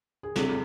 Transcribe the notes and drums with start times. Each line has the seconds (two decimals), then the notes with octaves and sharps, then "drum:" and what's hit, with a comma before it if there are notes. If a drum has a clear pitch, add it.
0.23 G#4
0.36 C3 A4, drum: snare